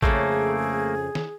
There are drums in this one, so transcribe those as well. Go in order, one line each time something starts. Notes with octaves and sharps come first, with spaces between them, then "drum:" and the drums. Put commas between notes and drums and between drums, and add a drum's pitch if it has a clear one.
F2 C#3 A3 A#3 G#4, drum: kick A1
drum: snare D#3